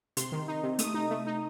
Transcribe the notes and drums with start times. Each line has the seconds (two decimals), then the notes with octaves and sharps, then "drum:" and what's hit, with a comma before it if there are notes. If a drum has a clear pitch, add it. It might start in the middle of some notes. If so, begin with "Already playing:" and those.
0.17 C3 C6, drum: hi-hat
0.32 D#3
0.48 D#4
0.63 C3
0.79 A3 D#6, drum: hi-hat
0.94 D#4
1.10 A3
1.27 D#4